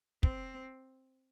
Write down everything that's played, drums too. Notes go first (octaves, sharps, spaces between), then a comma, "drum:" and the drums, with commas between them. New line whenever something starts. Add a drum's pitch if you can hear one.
C4, drum: kick